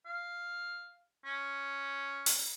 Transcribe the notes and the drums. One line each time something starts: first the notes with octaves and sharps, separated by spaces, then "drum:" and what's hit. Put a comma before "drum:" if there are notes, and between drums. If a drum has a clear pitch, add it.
F5
C#4
drum: open hi-hat